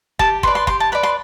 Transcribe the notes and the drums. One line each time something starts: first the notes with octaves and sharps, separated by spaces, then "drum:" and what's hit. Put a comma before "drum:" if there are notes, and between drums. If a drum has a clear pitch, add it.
G4 A5, drum: kick
B4 D5 C6, drum: kick
C6
G4 C6, drum: kick
A5
B4 D5 B5
C6